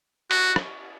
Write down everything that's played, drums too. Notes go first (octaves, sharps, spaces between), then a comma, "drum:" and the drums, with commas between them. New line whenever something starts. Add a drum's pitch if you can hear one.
F#4, drum: cymbal
drum: rim click